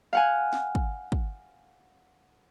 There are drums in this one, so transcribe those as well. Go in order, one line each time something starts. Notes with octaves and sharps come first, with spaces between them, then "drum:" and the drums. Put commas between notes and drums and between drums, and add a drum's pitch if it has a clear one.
F5 F#5 G#5
drum: snare
drum: kick
drum: kick